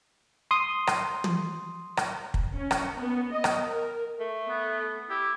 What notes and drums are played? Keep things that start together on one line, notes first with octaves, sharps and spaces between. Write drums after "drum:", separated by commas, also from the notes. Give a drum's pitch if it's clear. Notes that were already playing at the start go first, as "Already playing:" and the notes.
C6 D#6
drum: rim click
drum: tom
drum: rim click
drum: kick
C#4
drum: rim click
B3
D#5
drum: rim click
A#4
A3
B3
E4 G4